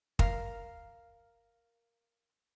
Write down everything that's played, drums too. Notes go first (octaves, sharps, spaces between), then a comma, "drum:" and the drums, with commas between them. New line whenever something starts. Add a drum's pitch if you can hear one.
A#4 F5, drum: kick